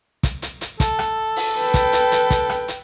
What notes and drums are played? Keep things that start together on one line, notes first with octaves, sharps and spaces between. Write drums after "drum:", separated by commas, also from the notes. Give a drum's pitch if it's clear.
drum: kick, hi-hat
drum: hi-hat
drum: hi-hat
A4, drum: kick, hi-hat
drum: rim click
drum: open hi-hat
B4 G5
drum: kick, hi-hat
drum: hi-hat
drum: hi-hat
drum: kick, hi-hat
drum: rim click
drum: hi-hat